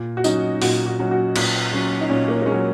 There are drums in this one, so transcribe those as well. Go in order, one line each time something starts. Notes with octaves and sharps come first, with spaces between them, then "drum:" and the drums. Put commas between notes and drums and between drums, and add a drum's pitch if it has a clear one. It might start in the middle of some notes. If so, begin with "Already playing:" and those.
Already playing: A#2
F#4
F#3 C#4 D#4, drum: tambourine
A#2 F#4, drum: open hi-hat
F#4
F#3 C#4
F#4
A#2, drum: cymbal
F#3 C#4
D#4
A#2 C#4
A#3
A#3
G#3 C#4
F#3